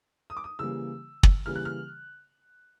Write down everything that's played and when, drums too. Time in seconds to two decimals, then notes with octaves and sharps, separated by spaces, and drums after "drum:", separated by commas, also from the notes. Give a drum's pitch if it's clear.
0.30 D#6
0.37 D6
0.44 D#6
0.59 C#3 E3 G3 A#3 E6
1.23 drum: kick
1.46 C#3 E3 G3 A#3 F6
1.56 F#6
1.65 F6